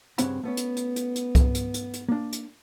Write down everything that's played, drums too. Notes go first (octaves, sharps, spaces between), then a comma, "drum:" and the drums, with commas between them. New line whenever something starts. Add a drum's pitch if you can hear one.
G2 C#3 C4 C#4 F#5 B5, drum: hi-hat
A3 B3 C#4
drum: hi-hat
drum: hi-hat
drum: hi-hat
drum: hi-hat
drum: kick C2, hi-hat
drum: hi-hat
drum: hi-hat
drum: hi-hat
A#3 D4
drum: hi-hat